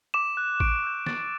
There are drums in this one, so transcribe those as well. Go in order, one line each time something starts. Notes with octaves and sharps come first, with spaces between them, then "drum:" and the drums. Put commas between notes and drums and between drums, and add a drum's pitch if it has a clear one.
D6 E7
F#6
C#6 D7, drum: kick
E6 G6
C#6 A6, drum: snare